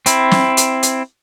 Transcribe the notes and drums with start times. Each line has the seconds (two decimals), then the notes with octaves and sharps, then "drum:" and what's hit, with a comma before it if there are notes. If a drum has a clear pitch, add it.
0.06 C4 E4, drum: hi-hat
0.31 drum: snare
0.57 drum: hi-hat
0.83 drum: hi-hat